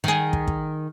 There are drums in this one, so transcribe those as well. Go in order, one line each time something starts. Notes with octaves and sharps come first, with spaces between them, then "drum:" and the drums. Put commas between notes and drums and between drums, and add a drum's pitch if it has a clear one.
D#3 G#4
drum: kick
drum: kick